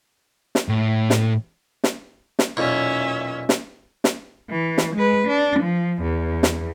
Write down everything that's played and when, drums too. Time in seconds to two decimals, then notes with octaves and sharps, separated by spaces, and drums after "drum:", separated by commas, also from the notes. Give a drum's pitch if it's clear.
0.55 drum: snare
0.69 A2
1.10 drum: snare
1.84 drum: snare
2.39 drum: snare
2.57 B1 E2 A#2 C#4 E5
3.49 drum: snare
4.04 drum: snare
4.51 E3
4.78 drum: snare
4.95 G#3 B4
5.27 D4
5.59 F3
6.02 E2
6.43 drum: snare